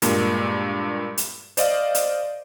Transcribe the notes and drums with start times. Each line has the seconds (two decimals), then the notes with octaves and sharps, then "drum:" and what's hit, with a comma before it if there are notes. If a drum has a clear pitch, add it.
0.02 G2 A#2 G#3 A#3, drum: hi-hat
1.18 drum: hi-hat
1.57 C5 D5 D#5 F5, drum: hi-hat
1.95 drum: hi-hat